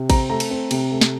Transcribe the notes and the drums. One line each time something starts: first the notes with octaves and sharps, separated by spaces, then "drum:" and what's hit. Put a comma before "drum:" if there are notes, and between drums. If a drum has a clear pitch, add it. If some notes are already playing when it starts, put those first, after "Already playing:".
Already playing: C3
C4 A#5, drum: kick A1, cymbal
A3 A#5
drum: cymbal
C4
C3, drum: cymbal
A3
drum: snare